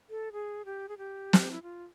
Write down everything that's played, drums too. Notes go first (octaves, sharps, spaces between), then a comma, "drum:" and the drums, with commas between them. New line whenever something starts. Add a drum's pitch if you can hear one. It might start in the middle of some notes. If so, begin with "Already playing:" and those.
A4
G#4
G4
G#4
G4
drum: snare
E4
F4